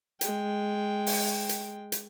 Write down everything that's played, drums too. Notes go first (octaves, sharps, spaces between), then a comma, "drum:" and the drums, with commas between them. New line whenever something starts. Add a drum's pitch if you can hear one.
G#3 G5, drum: hi-hat
drum: open hi-hat
drum: hi-hat
drum: hi-hat